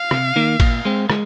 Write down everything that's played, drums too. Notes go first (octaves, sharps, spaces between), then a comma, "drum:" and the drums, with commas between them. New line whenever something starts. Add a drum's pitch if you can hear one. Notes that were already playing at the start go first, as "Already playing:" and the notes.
Already playing: F5
C3, drum: rim click
D#3 A#3
A#2, drum: kick A1, cymbal
G#3 C4
G#3, drum: rim click